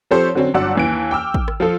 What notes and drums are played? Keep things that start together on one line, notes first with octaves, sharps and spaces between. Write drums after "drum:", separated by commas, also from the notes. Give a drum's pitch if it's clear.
F3 C4 G4 A4 C5 C#5
D3 F#3 C4 C#4
G1 F#3 D5 F#5 E6
D#2 E3 D7
G5 D6 E6 F6
drum: kick
drum: rim click
F3 F4 A4